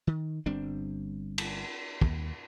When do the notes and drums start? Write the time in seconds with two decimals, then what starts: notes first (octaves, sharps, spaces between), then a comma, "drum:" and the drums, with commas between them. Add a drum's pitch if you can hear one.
0.07 D#3
0.46 G1 G3 C4 D4
1.38 drum: cymbal
2.01 D#2, drum: kick